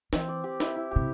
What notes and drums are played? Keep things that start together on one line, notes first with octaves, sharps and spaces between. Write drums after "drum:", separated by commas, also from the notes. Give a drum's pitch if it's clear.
E3 C4, drum: snare
D5
G4
E4, drum: snare
E4
C3 G4